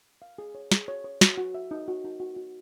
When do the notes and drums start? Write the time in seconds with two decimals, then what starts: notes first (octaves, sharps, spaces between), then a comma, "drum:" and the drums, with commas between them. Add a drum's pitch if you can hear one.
0.22 F5
0.38 G#4
0.55 C#5
0.72 G#4, drum: snare
0.88 C#5
1.04 C#5
1.21 F#4, drum: snare
1.38 F#4
1.54 E5
1.71 D#4
1.88 F#4
2.04 D#4
2.20 F#4
2.36 F#4